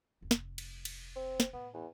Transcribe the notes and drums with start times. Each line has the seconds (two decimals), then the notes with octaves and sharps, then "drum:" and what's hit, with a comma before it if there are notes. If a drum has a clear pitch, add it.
0.21 F1 D2
0.31 drum: snare
0.58 drum: cymbal
0.85 drum: cymbal
1.16 C4
1.40 drum: snare
1.53 A2 B3
1.74 E2